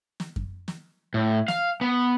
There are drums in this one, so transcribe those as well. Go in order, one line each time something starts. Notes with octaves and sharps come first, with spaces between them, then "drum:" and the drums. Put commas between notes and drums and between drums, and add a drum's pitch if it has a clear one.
drum: snare
drum: kick F#2
drum: snare
A2
F5, drum: snare
B3